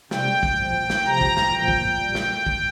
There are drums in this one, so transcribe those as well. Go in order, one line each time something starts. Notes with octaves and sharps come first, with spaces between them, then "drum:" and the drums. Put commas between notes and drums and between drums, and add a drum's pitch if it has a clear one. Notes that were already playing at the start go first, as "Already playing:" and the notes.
C3 G3 G5, drum: snare
drum: kick
A#2 F3
drum: snare
C3 F3 A#5
drum: kick
drum: snare
A#2 F3 G5
drum: kick
A#2 G3
drum: snare
drum: kick